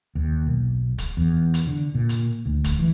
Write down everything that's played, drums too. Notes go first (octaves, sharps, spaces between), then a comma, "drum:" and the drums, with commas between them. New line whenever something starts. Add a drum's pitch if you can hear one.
D#2
B1
drum: kick, hi-hat
E2
drum: hi-hat
D3
A#2
drum: hi-hat
D2
drum: kick, hi-hat
E3